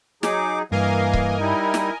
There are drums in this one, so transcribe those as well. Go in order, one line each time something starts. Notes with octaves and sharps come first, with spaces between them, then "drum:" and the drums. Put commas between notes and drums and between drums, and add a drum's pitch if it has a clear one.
F#3 D#4 G#4 D6, drum: snare
G2 E3 A#3 A#4 D#5 F5 G#5
drum: kick C#1
G3 D#4 E4
drum: snare